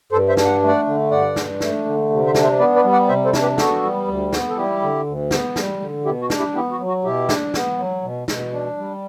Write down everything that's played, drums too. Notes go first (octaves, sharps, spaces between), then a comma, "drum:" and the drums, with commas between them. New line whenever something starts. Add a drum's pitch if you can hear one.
G2 A4 C5
C5 E5
D4, drum: snare
F#5
A3
D5 F#5
D3
G2 D5 F#5
D4, drum: snare
A3, drum: snare
D3
C3
C5 E5
D4, drum: snare
C5 E5
B3 B4 D5
B4 D5
G3
D5 F#5
C3 C5 E5
A4 C5
D4, drum: snare
G4 B4
B3 F#4 A4, drum: snare
G3
D2
B3, drum: snare
A4
G3 E4 G4
D3
D2
B3, drum: snare
G3, drum: snare
D3
B2 E4 G4
F#4
D4, drum: snare
E4 G4
B3 E4 G4
F#4
F#3
F#4
B2 E4 G4
D4, drum: snare
B3, drum: snare
F#3
B2
B2, drum: snare
D4
G3